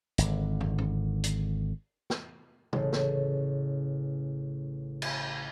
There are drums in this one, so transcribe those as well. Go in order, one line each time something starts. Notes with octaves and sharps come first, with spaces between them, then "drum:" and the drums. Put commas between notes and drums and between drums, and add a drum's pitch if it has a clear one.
G#1 D3, drum: hi-hat
drum: tom
drum: tom G#2
drum: hi-hat
drum: snare
A1 C#3, drum: tom
drum: snare
drum: cymbal